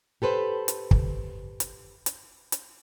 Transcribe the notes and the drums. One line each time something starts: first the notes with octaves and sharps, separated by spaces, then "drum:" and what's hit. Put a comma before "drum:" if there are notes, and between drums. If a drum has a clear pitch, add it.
G4 A4 B4 C5
drum: hi-hat
drum: kick
drum: hi-hat
drum: hi-hat
drum: hi-hat